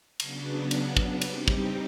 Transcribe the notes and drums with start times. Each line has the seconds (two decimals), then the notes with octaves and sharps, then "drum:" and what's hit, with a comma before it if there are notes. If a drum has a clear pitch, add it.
0.20 C#3 F#3 B3 D4, drum: cymbal
0.71 drum: cymbal
0.97 drum: kick
1.21 G3 C4 D#4 G4, drum: cymbal
1.48 drum: kick